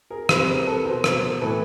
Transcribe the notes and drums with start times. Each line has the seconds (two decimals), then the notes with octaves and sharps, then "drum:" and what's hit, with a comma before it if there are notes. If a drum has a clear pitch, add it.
0.10 G#4 A#4
0.29 C3 E3 C5, drum: rim click
0.41 B4
0.54 A#4
0.66 A4 B4
0.85 B2 A#4 C5
1.04 drum: rim click
1.41 A2 E3 A4 B4